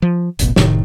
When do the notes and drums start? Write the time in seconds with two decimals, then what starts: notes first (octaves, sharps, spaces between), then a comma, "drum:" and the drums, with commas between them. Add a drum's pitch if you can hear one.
0.02 F3
0.39 D#1 A1 B2, drum: hi-hat
0.56 F1 A2 C3 D#3, drum: snare